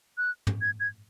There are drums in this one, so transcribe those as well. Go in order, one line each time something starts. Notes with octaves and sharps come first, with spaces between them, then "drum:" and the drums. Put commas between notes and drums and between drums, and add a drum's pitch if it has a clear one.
F#6
drum: tom
G#6
G#6